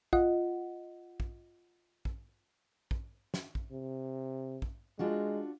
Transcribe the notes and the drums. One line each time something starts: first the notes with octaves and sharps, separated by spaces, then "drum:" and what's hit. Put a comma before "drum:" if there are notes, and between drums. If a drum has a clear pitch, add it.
F4 D#5 F#5, drum: kick
drum: kick
drum: kick
drum: kick
drum: snare
drum: kick
C3
drum: kick
G#3 D4 F4 F#4